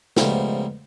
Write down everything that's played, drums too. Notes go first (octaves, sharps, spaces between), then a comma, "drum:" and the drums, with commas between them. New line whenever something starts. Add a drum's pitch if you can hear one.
C#2 G#2 B2 F3 G3 A3, drum: snare